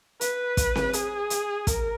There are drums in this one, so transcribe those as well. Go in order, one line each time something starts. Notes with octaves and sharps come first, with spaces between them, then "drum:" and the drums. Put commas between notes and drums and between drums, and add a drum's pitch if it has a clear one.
B4, drum: hi-hat
drum: kick, hi-hat
drum: snare C4
G#4, drum: hi-hat
drum: hi-hat
A#4, drum: kick, hi-hat